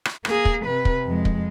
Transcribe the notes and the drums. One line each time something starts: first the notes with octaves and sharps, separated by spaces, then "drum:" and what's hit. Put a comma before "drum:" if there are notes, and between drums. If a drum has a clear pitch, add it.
drum: rim click
A#3 G#4, drum: rim click
drum: kick
C3 B4
drum: kick
F2 G#3
drum: kick